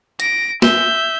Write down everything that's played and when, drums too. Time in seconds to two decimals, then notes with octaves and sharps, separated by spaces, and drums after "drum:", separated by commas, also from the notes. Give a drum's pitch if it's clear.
0.20 A#6 D7, drum: hi-hat
0.62 E5 G6, drum: snare